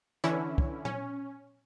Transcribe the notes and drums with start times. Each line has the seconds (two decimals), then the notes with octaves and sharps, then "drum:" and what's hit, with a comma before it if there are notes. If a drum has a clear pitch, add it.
0.24 D3 E3 C#4 E4, drum: hi-hat
0.58 drum: kick
0.85 C#4, drum: tom A#2